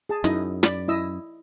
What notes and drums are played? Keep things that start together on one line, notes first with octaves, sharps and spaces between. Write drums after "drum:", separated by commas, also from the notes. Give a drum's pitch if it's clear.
G#4 A5
F#2 D#4 E4 D#5, drum: hi-hat
D5 B5, drum: snare
E4 D#5 E6